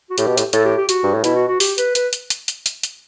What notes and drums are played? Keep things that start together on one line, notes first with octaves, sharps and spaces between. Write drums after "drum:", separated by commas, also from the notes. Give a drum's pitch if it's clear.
F#4
A2 G4, drum: hi-hat
B2
A2, drum: hi-hat
A2 A4, drum: hi-hat
G4
G4
F#4, drum: hi-hat
G2
A2
B2 E4, drum: hi-hat
F#4
F#4
G4, drum: open hi-hat
B4, drum: hi-hat
B4, drum: hi-hat
drum: hi-hat
drum: hi-hat
drum: hi-hat
drum: hi-hat
drum: hi-hat